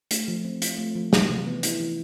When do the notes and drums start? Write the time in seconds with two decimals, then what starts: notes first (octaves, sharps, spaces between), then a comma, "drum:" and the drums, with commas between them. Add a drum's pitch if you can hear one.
0.11 A3, drum: hi-hat
0.28 F3
0.45 C4
0.62 F4, drum: hi-hat
0.78 A3
0.96 F3
1.13 E3, drum: snare
1.29 C3
1.47 B3
1.63 E4, drum: hi-hat
1.80 E3